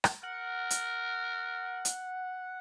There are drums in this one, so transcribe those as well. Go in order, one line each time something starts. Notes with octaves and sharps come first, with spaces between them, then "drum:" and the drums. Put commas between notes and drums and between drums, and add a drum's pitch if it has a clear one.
drum: rim click
A#4 F#5
drum: hi-hat
drum: hi-hat